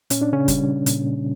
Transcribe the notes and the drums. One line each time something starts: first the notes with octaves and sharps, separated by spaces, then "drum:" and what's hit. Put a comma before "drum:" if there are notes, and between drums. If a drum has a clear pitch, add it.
A#2 C#4, drum: hi-hat
D4
C#3 C#4
G3, drum: kick, hi-hat
A#2, drum: hi-hat